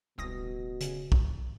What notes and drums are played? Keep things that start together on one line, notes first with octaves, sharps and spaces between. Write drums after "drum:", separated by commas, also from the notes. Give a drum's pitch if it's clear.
D1 C2 B2 D#6 A#6
C#3, drum: hi-hat
drum: kick